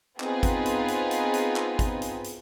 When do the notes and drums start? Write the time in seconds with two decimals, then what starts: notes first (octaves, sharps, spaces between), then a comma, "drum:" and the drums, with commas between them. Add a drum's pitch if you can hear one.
0.20 B3 C4 D#4 F4 G#4 B4, drum: clap
0.43 drum: kick G#1, hi-hat
0.66 drum: hi-hat
0.88 drum: hi-hat
1.11 drum: hi-hat
1.34 drum: hi-hat
1.56 drum: clap
1.79 drum: kick G#1, hi-hat
2.02 drum: hi-hat
2.24 drum: hi-hat